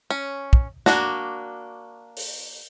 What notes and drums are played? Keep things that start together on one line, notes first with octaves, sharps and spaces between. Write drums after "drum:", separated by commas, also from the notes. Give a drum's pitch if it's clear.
C#4
drum: kick
A#3 D4 F#4, drum: snare
drum: open hi-hat